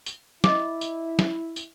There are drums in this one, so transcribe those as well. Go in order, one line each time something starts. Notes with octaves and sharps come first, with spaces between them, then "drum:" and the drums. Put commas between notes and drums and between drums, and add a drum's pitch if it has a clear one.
drum: tambourine
E4 D#5 D6, drum: snare
drum: tambourine
drum: snare
drum: tambourine